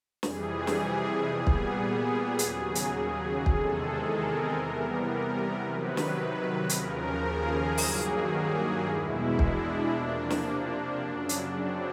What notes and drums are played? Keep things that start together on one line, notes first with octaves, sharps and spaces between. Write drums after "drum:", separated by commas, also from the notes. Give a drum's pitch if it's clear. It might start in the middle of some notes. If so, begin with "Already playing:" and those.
F2 C3 E3 G3 G#4, drum: snare
drum: snare
A#2 G3 B3 G#4
drum: kick
D#2 C#3 F#3, drum: hi-hat
drum: hi-hat
E2 C3 D#3 G#3 A4, drum: kick
A#4
C3 E3 G3 B3
A#4
C3 D#3 F#3 B4
drum: snare
D#2 C#3 F3 A#4, drum: hi-hat
G#4
G2 D#3 F#3 A#3, drum: open hi-hat
G#4
E2 B2 G#3 E4
D4, drum: kick
C3 F3 A#3
drum: snare
F#2 C#3 F#3
drum: hi-hat
C4